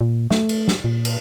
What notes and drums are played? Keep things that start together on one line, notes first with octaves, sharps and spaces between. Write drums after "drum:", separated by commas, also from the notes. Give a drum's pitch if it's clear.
A#2
A3, drum: snare
drum: cymbal
drum: snare
A#2
drum: cymbal